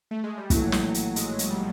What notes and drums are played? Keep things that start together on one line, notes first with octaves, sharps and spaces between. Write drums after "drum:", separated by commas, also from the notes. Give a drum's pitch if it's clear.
A3
G#3
G3
A#1 A2 E3 F#3 A3, drum: kick, hi-hat
drum: snare
drum: hi-hat
G#3, drum: hi-hat
drum: hi-hat
G3